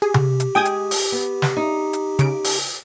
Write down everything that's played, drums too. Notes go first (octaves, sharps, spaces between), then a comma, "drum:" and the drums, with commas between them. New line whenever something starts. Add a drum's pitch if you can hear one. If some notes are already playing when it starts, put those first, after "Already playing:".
G4 G#4
drum: tom C3
drum: hi-hat
G#3 G#4 G5 D#6 G#6
drum: hi-hat
drum: open hi-hat
B3
drum: snare
D#4
drum: hi-hat
C#3 D7, drum: hi-hat
drum: open hi-hat